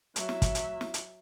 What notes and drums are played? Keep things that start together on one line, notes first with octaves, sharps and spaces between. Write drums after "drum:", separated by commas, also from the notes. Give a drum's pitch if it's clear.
F#3 E5, drum: hi-hat
drum: snare
drum: kick, hi-hat
drum: hi-hat
drum: snare
drum: hi-hat